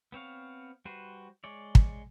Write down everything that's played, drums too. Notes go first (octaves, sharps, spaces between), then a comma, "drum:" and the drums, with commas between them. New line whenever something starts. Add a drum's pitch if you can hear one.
B3 C4 C#5 F5
G3 F#4 B4 C5
G#3 C#5 D5
drum: kick